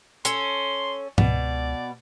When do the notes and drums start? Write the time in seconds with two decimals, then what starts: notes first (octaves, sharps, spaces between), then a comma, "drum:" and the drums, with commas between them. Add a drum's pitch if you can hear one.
0.25 C#4 A4 C6, drum: hi-hat
1.18 C#2 B2 D5, drum: tom G#2